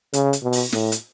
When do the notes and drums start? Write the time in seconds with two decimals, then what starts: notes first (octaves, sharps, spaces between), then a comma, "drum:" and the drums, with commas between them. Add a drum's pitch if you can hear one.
0.13 C#3, drum: hi-hat
0.33 drum: hi-hat
0.42 B2
0.53 drum: open hi-hat
0.72 A2, drum: snare
0.92 drum: hi-hat